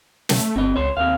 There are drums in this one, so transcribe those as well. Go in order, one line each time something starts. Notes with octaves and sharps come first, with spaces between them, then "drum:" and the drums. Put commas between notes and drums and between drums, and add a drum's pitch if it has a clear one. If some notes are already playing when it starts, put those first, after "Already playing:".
A3, drum: snare
G1 C4 D#5
C#2 C#5 C6
D#2 C3 F5